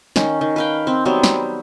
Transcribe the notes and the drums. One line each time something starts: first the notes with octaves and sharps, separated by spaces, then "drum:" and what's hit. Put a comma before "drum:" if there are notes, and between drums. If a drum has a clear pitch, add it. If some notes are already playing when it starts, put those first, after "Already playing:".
D#3 C#4, drum: snare
D#3
B4 F5 G5
C4
F#3 G3 B3 C4
drum: snare